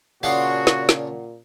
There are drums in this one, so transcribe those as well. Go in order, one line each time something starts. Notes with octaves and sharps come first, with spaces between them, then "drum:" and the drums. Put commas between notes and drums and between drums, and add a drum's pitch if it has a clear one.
A#2 C#3 D4 F#4 G#4 F5 F#5 C6
drum: snare
drum: snare